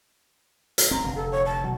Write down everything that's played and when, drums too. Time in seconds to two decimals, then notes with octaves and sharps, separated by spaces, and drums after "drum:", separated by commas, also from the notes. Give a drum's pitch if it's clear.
0.78 drum: hi-hat
0.91 C4 A#5
1.04 F1 D3
1.16 A4
1.32 C#5
1.46 A5
1.64 B2 F#3